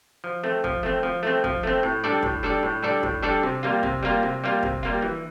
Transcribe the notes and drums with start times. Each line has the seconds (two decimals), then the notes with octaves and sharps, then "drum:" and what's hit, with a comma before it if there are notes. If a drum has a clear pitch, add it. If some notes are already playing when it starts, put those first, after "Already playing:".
0.24 F3
0.44 A3 C4
0.64 F3, drum: kick
0.83 A3 C4
1.03 F3
1.23 A3 C4
1.44 F3, drum: kick
1.63 A3 C4
1.83 A2
2.04 G3 D4 A4 D5
2.23 A2, drum: kick
2.43 G3 D4 A4 D5
2.63 A2
2.83 G3 D4 A4 D5
3.03 A2, drum: kick
3.23 G3 D4 A4 D5
3.43 C3
3.63 G3 A#3 F4
3.83 C3, drum: kick
4.03 G3 A#3 F4
4.23 C3
4.44 G3 A#3 F4
4.63 C3, drum: kick
4.83 G3 A#3 F4
5.02 E3